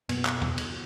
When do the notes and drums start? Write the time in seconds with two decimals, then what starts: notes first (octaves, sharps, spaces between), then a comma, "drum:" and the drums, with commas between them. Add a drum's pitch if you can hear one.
0.09 F#2 B2 A#3 B3, drum: cymbal
0.25 drum: clap
0.42 drum: tom E2
0.58 drum: cymbal